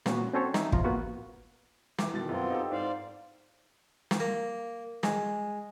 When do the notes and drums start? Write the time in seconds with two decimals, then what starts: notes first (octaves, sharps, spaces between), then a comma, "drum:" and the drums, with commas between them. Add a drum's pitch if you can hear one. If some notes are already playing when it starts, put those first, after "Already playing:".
0.06 A#2 B3 C#4 F#4, drum: snare
0.33 C4 C#4 F#4 A4 C5 C#5
0.54 D#4 E5, drum: snare
0.72 E2 F3 F4 A#5, drum: kick
0.84 A#3 B3 F4 F#4 B4
1.98 E3 D6, drum: snare
2.14 B2 D#3 A6
2.29 F#2 B3 C4 F4
2.50 D#4 G4 A4
2.72 G#2 C5 D5 F5
4.11 drum: snare
4.20 A#3
5.03 G#3, drum: snare